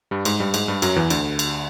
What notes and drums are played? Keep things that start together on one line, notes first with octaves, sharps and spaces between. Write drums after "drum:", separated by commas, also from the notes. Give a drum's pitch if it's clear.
G2 G3
G#2 G#3, drum: cymbal
G2 G3
G#2 G#3, drum: cymbal
G2 G3
F#2 F#3, drum: cymbal
E2 E3
D2 D3, drum: cymbal
drum: cymbal